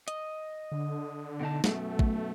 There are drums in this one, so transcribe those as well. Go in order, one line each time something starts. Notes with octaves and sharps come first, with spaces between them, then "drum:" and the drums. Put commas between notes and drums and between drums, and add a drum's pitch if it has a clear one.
D#5, drum: hi-hat
D3
B2 D#4 A5
F#2 B2 A3, drum: snare
drum: kick